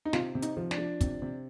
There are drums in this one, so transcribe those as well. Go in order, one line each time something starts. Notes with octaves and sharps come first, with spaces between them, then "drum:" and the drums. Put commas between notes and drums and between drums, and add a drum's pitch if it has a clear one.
D#4
C3 F4, drum: snare
C3
D#4, drum: hi-hat
F3
D4, drum: snare
F3
C3, drum: kick, hi-hat
C3